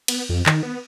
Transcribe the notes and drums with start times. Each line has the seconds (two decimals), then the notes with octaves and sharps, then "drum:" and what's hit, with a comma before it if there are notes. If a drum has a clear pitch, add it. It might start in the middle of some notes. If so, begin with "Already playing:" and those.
0.08 B3, drum: cymbal
0.29 F2
0.46 D#3, drum: clap
0.63 B3